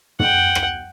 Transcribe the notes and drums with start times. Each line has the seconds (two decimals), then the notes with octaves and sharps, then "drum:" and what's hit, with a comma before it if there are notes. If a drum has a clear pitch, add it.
0.20 F#5 G5, drum: tom
0.55 drum: rim click